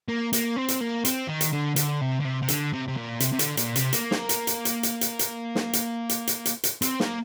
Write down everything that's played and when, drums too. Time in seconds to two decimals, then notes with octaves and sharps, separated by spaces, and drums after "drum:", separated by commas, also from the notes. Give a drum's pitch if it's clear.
0.09 A#3
0.33 A#3, drum: hi-hat
0.56 C4
0.68 drum: hi-hat
0.81 A#3
1.05 C4, drum: hi-hat
1.28 D#3
1.41 drum: hi-hat
1.53 D3
1.76 D3, drum: hi-hat
2.01 C3
2.20 D3
2.25 C3
2.42 C3
2.48 D3, drum: hi-hat
2.73 C3
2.88 C3
2.97 A#2
3.20 C3, drum: hi-hat
3.33 C3
3.39 D3, drum: hi-hat
3.57 A#2, drum: hi-hat
3.76 C3, drum: hi-hat
3.93 A#3, drum: hi-hat
4.11 drum: snare
4.29 drum: hi-hat
4.47 drum: hi-hat
4.65 drum: hi-hat
4.83 drum: hi-hat
5.01 drum: hi-hat
5.19 drum: hi-hat
5.55 drum: snare
5.73 drum: hi-hat
6.09 drum: hi-hat
6.27 drum: hi-hat
6.45 drum: hi-hat
6.64 drum: hi-hat
6.82 C4, drum: hi-hat
7.00 A#3, drum: snare